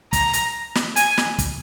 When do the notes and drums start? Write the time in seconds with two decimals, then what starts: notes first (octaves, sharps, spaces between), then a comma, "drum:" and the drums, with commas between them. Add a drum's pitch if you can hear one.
0.13 A#5, drum: kick, hi-hat
0.33 drum: hi-hat
0.75 drum: snare
0.96 G#5, drum: hi-hat
1.17 drum: snare
1.39 drum: kick, hi-hat